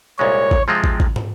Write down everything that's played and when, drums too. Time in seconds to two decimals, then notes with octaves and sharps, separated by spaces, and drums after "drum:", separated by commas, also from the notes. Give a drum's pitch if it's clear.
0.19 C2 A#2 G#3 C#5
0.51 drum: kick
0.68 C3 F3 G#3 C4 F4
0.84 drum: kick
1.00 drum: kick
1.16 drum: tom